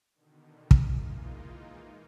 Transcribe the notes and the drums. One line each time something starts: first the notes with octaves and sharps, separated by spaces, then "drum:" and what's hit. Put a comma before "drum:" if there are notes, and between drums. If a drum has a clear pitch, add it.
B2 D3 D#3
drum: kick
E3 G#3 A#3 D#4 F4